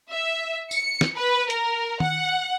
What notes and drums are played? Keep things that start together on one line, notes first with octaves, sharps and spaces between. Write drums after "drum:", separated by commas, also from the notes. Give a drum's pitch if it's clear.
E5
C#7, drum: tambourine
drum: snare
B4
A#4, drum: hi-hat
F#5, drum: tom D#3